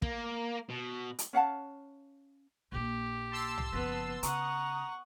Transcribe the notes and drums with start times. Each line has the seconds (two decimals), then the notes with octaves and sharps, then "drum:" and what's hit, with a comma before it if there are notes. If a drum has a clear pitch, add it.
0.02 A#3, drum: kick
0.69 B2
1.19 drum: hi-hat
1.33 C#4 F5 F#5 A5
2.72 A#1 A#3 G4
3.31 A5 C6 E6
3.58 drum: tom
3.72 F#1 F3 B3
4.23 C#3 F#5 A#5 C#6 D#6, drum: hi-hat